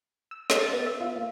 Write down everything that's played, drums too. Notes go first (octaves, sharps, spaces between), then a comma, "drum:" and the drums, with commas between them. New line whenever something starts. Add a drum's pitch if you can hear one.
E6
D#5, drum: snare
A6
B3
E5
F4
A#3